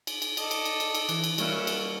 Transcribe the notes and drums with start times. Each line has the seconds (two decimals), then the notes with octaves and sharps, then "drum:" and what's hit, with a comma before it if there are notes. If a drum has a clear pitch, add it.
0.07 drum: cymbal
0.22 drum: cymbal
0.37 A4 D5 D#5, drum: cymbal
0.51 drum: cymbal
0.65 drum: cymbal
0.80 drum: cymbal
0.95 drum: cymbal
1.09 E3, drum: cymbal
1.24 drum: cymbal
1.38 F#3 G3 A#3 C#4 E4, drum: cymbal
1.67 drum: cymbal